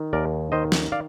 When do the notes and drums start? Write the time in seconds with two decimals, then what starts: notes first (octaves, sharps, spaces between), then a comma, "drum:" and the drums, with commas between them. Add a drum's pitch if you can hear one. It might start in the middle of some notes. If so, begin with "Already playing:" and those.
Already playing: D#3
0.13 D#2 A#4 D5
0.52 D#3 C5 D#5
0.72 drum: snare
0.92 D5 F5